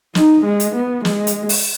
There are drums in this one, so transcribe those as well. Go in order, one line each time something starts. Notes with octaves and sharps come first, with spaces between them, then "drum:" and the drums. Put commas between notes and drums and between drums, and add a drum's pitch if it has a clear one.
D#4, drum: snare
G#3
drum: hi-hat
B3
G#3, drum: snare
drum: hi-hat
drum: open hi-hat